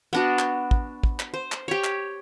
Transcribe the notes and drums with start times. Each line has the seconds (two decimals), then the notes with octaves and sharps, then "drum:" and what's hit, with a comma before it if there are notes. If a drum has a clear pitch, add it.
0.13 B3 D4 F#4
0.39 drum: clap
0.71 drum: kick
1.03 drum: kick
1.20 drum: clap
1.34 C5
1.52 drum: clap
1.68 G4 C#5
1.84 drum: clap